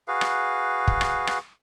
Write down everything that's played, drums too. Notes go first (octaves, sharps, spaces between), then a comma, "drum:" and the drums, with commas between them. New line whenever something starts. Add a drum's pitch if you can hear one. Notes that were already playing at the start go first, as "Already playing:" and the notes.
F#4 G#4 B4 F5
drum: rim click
drum: kick
drum: rim click
drum: rim click